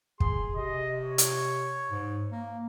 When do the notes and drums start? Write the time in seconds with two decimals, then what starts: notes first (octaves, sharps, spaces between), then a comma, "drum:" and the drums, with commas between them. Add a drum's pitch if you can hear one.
0.20 G#4 C6, drum: kick
0.56 C3 D#5
1.04 C#5
1.18 drum: hi-hat
1.91 G#2
2.32 A#3